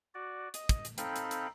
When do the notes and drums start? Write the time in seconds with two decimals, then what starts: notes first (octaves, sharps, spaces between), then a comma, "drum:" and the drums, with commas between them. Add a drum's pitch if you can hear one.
0.14 F#4 D5
0.54 D#5, drum: hi-hat
0.69 drum: kick, hi-hat
0.85 drum: hi-hat
0.98 C4 D#4 A4 F5 G5 B5, drum: hi-hat
1.16 drum: hi-hat
1.31 drum: hi-hat